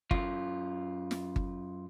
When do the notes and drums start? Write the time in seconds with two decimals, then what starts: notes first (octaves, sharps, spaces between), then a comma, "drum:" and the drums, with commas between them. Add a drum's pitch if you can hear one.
0.11 F#2 F4, drum: kick G1
1.11 drum: snare
1.36 drum: kick G1